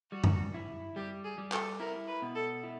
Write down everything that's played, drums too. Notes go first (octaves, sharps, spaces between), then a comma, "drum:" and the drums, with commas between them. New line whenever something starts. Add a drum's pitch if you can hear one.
G3 F#4
drum: tom F#2
E4
G3 G4
G#4
G3
A4, drum: clap
E4 A#4
B4
B2
A4
E4